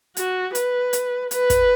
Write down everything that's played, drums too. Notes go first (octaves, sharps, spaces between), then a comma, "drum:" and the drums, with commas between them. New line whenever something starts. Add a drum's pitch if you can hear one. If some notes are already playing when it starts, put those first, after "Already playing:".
F#4, drum: hi-hat
B4, drum: hi-hat
drum: hi-hat
B4, drum: hi-hat
drum: kick, hi-hat